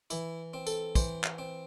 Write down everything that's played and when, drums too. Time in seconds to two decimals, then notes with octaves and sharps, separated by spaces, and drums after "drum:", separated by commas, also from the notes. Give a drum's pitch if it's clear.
0.10 E3 E4, drum: tambourine
0.54 C4
0.67 A4, drum: tambourine
0.95 E3 C5, drum: kick, tambourine
1.24 drum: clap
1.38 C4